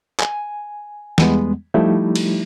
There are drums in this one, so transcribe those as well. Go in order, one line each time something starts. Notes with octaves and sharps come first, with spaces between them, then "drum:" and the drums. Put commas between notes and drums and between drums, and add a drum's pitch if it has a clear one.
G#5, drum: clap
E2 G3 G#3 B3, drum: snare
F3 G3 A3 D#4 E4 G4
drum: cymbal